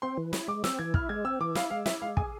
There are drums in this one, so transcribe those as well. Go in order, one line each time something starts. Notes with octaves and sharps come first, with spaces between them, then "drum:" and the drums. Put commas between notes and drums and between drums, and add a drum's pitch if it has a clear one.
C4 C6
E3
E4, drum: snare
G#3 D6
C4 E6, drum: snare
E3 G#6
E4 F6, drum: kick
G#3 G#6
C4 E6
E3 D6
E4 F5, drum: snare
G#3 F5
E4 E5, drum: snare
G#3 F5
G#4 G#5, drum: kick